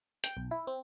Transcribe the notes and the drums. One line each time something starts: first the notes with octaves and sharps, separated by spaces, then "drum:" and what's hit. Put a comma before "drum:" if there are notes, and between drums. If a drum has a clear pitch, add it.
G5, drum: hi-hat
B1
E4
C4